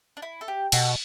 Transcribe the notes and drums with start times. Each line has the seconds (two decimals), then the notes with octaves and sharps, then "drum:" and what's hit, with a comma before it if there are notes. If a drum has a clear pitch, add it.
0.17 D4
0.22 E4
0.41 A4
0.48 G4
0.72 B2 F#4 A4, drum: cymbal